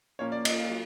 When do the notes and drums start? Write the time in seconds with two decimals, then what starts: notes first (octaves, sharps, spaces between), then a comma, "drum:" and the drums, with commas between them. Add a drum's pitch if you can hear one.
0.19 A#2 F3 A#3 C#4 C#5
0.32 D5
0.45 D#5, drum: cymbal
0.58 F5
0.70 F#3